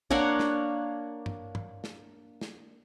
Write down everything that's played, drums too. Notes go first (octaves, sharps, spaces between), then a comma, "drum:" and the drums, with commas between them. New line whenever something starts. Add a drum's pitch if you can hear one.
A#3 D4 C#5 F#5, drum: kick
drum: snare
drum: tom G2
drum: tom
drum: snare
drum: snare